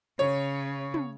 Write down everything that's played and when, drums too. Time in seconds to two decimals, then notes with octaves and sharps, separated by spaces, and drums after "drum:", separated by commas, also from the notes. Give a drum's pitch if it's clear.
0.19 C#3 C#5
0.94 drum: tom